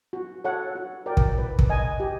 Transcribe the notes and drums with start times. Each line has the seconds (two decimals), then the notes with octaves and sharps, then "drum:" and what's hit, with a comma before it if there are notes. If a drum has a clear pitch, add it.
0.13 F#4
0.44 A4 C#5 F#5
0.75 F#4
1.06 A#4 D5 G5
1.17 drum: kick
1.38 B4
1.59 drum: kick
1.70 D#5 G#5
2.00 G4